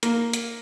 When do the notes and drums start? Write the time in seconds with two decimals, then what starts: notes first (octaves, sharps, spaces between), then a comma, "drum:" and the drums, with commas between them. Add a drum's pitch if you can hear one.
0.03 A#3, drum: hi-hat
0.33 drum: hi-hat